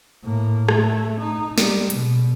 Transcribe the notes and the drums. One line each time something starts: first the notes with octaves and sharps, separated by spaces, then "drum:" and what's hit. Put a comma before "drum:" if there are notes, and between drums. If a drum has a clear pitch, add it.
A2 A#3
A3, drum: rim click
D#4
G3 G#3, drum: snare
B2, drum: hi-hat